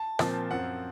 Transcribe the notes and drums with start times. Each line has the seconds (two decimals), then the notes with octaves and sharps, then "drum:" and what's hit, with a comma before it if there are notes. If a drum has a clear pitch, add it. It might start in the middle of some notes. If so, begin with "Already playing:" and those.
Already playing: A5
0.19 A#2 F3 C4, drum: rim click
0.50 F#2 F3 C4 F#5